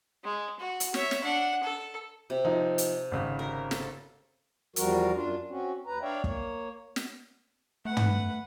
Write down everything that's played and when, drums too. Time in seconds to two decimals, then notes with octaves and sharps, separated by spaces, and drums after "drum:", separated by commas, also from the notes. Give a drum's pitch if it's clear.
0.24 G#3
0.59 F#4
0.80 drum: hi-hat
0.94 C#5 E5, drum: snare
1.11 drum: snare
1.23 D4 F#5
1.63 A4
2.30 C3
2.45 F3 D#4
2.78 drum: hi-hat
3.12 G#1 C#3
3.39 A#4
3.71 A4, drum: snare
4.76 E2 F3 G3 F#4 A#4, drum: hi-hat
5.14 F#2 D4 F4
5.49 C4 C#4 F#4
5.86 D#2 B4 A#5
6.02 D4 C#5 D5 E5 F5 G5
6.24 A#3 C#5, drum: kick
6.96 drum: snare
7.85 A3 B4 F#5
7.97 drum: tom